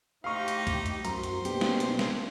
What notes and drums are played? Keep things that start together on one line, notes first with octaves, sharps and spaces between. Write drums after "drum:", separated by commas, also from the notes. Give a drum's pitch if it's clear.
A3 D#4 E4 G4 C5 F5 C#6
drum: hi-hat
drum: kick, hi-hat
drum: hi-hat
F#2 F#4 C5 A#5, drum: hi-hat
drum: hi-hat
B2 A#3 C#4 D4 G4, drum: hi-hat
drum: snare
drum: hi-hat
drum: snare